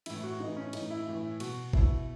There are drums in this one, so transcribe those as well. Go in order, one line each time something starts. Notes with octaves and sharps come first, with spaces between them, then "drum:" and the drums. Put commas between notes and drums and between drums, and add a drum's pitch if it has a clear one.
A2 E3 E4, drum: cymbal
F#4
A2 E3 D#4
C#4
A2 E3 D#4, drum: cymbal
E4
A2 E3
B2 F#4, drum: cymbal
B2 E4, drum: kick